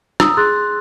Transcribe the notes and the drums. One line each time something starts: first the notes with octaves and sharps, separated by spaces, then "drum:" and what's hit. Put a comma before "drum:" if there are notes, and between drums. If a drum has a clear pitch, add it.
A#5 D#6 E6, drum: rim click
G#4 C6 F#6 A6